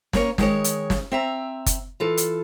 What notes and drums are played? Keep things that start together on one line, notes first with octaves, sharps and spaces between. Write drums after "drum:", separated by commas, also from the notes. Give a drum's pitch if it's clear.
A#3 C#4 A#4 C#5, drum: snare
D#3 G#3 C#5, drum: snare
drum: hi-hat
drum: snare
C4 E5 A#5
drum: kick F#1, hi-hat
E3 F4 A4
drum: hi-hat